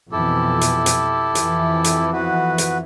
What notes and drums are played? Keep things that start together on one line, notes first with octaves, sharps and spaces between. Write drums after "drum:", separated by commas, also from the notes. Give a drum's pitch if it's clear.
F2 B2 E3 E4 G4 A4
drum: hi-hat
drum: hi-hat
F2 E3, drum: hi-hat
drum: hi-hat
B3 F#4 B4
drum: hi-hat